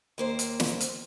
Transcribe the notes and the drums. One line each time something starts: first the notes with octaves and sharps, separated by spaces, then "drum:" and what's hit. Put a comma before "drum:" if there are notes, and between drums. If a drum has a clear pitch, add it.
D#2 A#3 C5
drum: hi-hat
drum: snare
drum: hi-hat